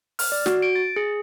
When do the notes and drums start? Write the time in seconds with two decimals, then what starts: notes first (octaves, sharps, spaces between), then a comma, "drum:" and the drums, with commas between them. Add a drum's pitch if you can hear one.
0.19 F6, drum: open hi-hat
0.32 D5
0.46 F#4, drum: snare
0.62 D7
0.75 A6
0.96 G#4